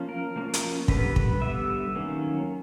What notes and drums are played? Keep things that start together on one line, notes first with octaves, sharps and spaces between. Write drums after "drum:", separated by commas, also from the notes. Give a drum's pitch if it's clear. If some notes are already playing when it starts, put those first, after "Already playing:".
Already playing: F3 A#3 C#4
A#4
F3 A#3 C#4
drum: hi-hat
D3 G3 B3 B4, drum: kick
B4, drum: kick
D3 G3 B3 E5
D#3 F#3 A#3 C#4